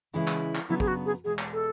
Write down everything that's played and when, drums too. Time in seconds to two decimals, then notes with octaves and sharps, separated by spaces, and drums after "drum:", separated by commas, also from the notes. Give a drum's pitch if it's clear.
0.13 C#3 E3 G#3 C#4 E4
0.27 drum: clap
0.55 drum: clap
0.69 C#3 F#3 B3 D4 E4
0.80 G#4, drum: kick
0.88 F#4
1.06 G#4
1.24 E2 B2 G#3 G#4
1.39 drum: clap
1.53 A4